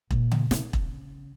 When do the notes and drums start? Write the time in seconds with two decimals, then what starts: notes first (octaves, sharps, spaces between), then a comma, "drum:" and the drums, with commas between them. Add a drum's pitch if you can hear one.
0.11 A#2, drum: kick E1
0.31 drum: tom C#3
0.51 C#3, drum: snare
0.73 drum: kick E1